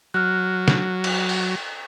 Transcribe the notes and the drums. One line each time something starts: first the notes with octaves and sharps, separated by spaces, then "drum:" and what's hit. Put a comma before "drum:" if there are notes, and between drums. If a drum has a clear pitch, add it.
F#3 F6 F#6
drum: snare
drum: cymbal
drum: open hi-hat